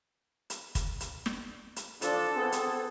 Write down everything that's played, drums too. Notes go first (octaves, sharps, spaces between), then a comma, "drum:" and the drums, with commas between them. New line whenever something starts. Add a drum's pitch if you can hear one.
drum: hi-hat
drum: kick, hi-hat
drum: hi-hat
drum: snare
drum: hi-hat
F3 D4 A4, drum: hi-hat
B3 C4 G#4
drum: hi-hat